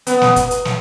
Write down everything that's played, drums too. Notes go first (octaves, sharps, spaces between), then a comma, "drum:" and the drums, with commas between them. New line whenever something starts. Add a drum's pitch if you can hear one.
B3, drum: hi-hat
drum: snare
drum: kick, hi-hat
drum: hi-hat
drum: snare